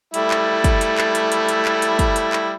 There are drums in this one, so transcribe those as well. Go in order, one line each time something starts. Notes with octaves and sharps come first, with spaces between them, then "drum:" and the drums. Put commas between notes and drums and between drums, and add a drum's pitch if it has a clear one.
G3 A3 E4, drum: hi-hat
drum: clap
drum: kick, hi-hat
drum: hi-hat
drum: clap
drum: hi-hat
drum: hi-hat
drum: hi-hat
drum: clap
drum: hi-hat
drum: kick, hi-hat
drum: hi-hat
drum: clap